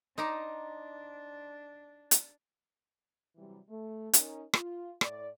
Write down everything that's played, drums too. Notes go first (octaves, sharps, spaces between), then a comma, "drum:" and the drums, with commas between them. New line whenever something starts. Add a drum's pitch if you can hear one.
D4 D#4 C5 A#5 D6
drum: hi-hat
C3 E3 F#3 G3
A3
C#4 D#4 A#4, drum: hi-hat
F4, drum: rim click
A2 D5, drum: rim click